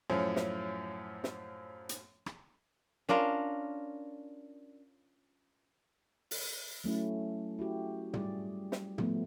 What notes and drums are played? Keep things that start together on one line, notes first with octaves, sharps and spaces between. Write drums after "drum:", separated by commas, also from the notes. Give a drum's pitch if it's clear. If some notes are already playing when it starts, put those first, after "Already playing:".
F#2 A2 F3 C#4
drum: snare
drum: snare
drum: hi-hat
drum: rim click
C#4 D4 F4 A#4
drum: open hi-hat
F#3 A3 C#4 E4
E4 F#4 G4
G3 G#4 D5, drum: tom
drum: snare
F3 A3 B3, drum: tom